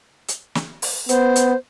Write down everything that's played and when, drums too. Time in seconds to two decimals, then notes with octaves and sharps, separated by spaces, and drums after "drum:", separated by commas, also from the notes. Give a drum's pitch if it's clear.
0.29 drum: hi-hat
0.55 drum: snare
0.82 drum: open hi-hat
1.09 B3 C5, drum: hi-hat
1.36 drum: hi-hat